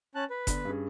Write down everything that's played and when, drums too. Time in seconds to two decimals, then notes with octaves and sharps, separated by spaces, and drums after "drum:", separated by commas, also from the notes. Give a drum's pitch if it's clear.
0.15 C#4 A5 F#6
0.30 B4
0.47 D3 B3 D4, drum: kick F#1, hi-hat
0.65 G2 C#4 G#4